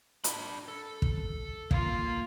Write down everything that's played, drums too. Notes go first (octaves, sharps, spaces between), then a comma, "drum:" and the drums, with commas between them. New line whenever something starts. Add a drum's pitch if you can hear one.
D4 B5, drum: hi-hat
A4
drum: kick
A#3 F4, drum: kick